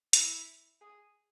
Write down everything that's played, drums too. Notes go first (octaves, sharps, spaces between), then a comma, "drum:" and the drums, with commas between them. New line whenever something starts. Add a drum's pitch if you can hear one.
E4, drum: hi-hat
G#4